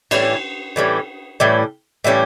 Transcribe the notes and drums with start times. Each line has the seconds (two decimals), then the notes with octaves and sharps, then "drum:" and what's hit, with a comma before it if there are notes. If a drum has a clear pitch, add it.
0.11 A2 E3 G3 C#4, drum: cymbal
0.76 A2 E3 G3 C#4
1.40 A2 E3 G3 C#4
2.04 A2 E3 G3 C#4